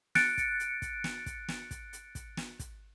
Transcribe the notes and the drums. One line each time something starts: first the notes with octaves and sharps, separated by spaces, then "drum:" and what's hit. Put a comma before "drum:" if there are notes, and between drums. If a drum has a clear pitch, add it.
F#6 A6 C#7 D7, drum: snare
drum: kick, hi-hat
drum: hi-hat
drum: kick, hi-hat
drum: snare
drum: kick, hi-hat
drum: snare
drum: kick, hi-hat
drum: hi-hat
drum: kick, hi-hat
drum: snare
drum: kick, hi-hat